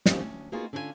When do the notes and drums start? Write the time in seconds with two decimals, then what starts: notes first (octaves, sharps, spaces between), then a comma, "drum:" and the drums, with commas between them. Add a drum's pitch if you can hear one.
0.06 D#2 D#3 F3 C4 C#4 G4, drum: snare
0.21 D2 C#4
0.52 A#3 B3 D#4 F4 F#4 G#4
0.73 D3 C#4 D4 F4 A#4 G#5